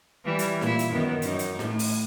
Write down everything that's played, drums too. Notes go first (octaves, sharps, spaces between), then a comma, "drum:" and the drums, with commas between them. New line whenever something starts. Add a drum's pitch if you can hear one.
E3 G3
drum: hi-hat
A#2 E4, drum: snare
drum: hi-hat
F#2 D#3 B3
F#2 D#4, drum: hi-hat
drum: hi-hat
A2, drum: snare
drum: open hi-hat